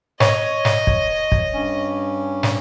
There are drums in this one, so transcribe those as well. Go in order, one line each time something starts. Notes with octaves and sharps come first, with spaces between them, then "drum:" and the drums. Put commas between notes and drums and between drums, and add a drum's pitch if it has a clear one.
C#5 D#5, drum: snare
drum: snare
drum: kick
drum: kick
G2 C#4
drum: snare